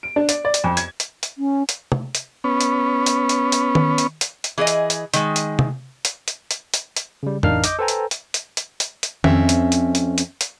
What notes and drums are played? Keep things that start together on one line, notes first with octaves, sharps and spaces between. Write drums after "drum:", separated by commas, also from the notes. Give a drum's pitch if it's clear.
D7
D4
D5, drum: hi-hat
D5
drum: hi-hat
F2
G#6, drum: hi-hat
drum: hi-hat
drum: hi-hat
C#4
drum: hi-hat
drum: tom
drum: hi-hat
B3 C#4
drum: hi-hat
drum: hi-hat
drum: hi-hat
drum: hi-hat
drum: tom D#3
drum: hi-hat
drum: hi-hat
drum: hi-hat
E3 G#4 C#5 D#5
drum: hi-hat
drum: hi-hat
D#3 G#3, drum: hi-hat
drum: hi-hat
drum: tom
drum: hi-hat
drum: hi-hat
drum: hi-hat
drum: hi-hat
drum: hi-hat
C#3 G3
A1 D4 D#4 A#4 F5 F6, drum: tom F2
D#5 D6 G6, drum: hi-hat
A4 B4 C5 G5 G#5 A#5
drum: hi-hat
drum: hi-hat
drum: hi-hat
drum: hi-hat
drum: hi-hat
drum: hi-hat
F2 C4 C#4 E5, drum: tom D#3
drum: hi-hat
drum: hi-hat
drum: hi-hat
drum: hi-hat
drum: hi-hat